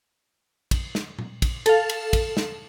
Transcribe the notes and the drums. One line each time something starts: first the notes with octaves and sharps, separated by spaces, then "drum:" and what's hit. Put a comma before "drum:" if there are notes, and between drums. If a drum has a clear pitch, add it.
drum: kick, cymbal
drum: snare
drum: tom A#2
drum: kick, cymbal
A4 F5, drum: cymbal
drum: cymbal
drum: kick, cymbal
drum: snare